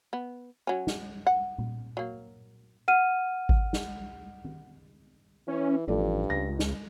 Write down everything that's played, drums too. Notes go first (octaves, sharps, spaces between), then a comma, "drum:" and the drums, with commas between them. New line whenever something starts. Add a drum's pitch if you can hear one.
B3
F#3 C#4
drum: snare
F#5
drum: tom A#2
F#3 A#3
F#5 F6 D#7
drum: kick G#1
drum: snare
drum: tom D#3
E3 C#4
A1 G2 F3 A4 D5
C#2 A#6
drum: snare